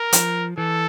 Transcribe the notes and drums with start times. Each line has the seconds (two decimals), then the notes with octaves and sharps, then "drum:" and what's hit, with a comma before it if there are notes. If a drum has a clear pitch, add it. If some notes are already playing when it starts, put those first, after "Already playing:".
Already playing: A#4
0.13 F3, drum: hi-hat
0.58 E3 A4